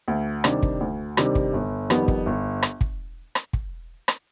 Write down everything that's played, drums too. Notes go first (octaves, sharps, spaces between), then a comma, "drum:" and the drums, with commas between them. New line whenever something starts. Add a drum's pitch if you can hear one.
D2
C3 D#3 G3 D4, drum: rim click
drum: kick
D2
C3 D#3 G3 D4, drum: rim click
drum: kick
G1
F2 D#3 G3 B3, drum: rim click
drum: kick
G1
drum: rim click
drum: kick
drum: rim click
drum: kick
drum: rim click